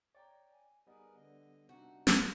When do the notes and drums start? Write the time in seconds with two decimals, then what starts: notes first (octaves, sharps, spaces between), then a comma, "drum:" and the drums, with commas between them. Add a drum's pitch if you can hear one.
0.15 C#5 D5 G5 A#5
0.52 G#5
0.87 G3 B3 D#4 G#4 A#4 B4 D#5 D#6
1.15 D3 D#5 F#5
1.69 C3 C4 D4 D#4 F#4
2.07 drum: snare